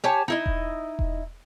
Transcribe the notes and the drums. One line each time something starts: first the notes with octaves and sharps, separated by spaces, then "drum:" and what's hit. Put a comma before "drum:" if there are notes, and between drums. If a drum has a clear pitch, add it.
G4 C#5 G#5 A5
D#4 E4 D#5
drum: kick E1
drum: kick E1